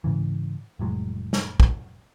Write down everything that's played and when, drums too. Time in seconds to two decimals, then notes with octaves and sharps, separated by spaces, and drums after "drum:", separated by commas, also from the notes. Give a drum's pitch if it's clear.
0.04 G#2 C#3 E3
0.79 F1 A2 F#3 G#3
1.33 drum: snare
1.60 drum: kick